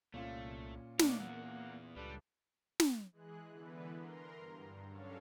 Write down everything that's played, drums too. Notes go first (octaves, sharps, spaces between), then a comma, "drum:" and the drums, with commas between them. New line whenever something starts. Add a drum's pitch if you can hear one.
C2 A#2 A3 C#4 F4
A#3 B3 D4 D#4 C#5, drum: snare
E3 B3 F#5
C#2 G3 D4 A4 B4
drum: snare
E3 G#3 G#4 F#6
D3 E3 B3 B4
A#4 A#5 C6
G2
F#3 C#4 D4 A4 C#5 F5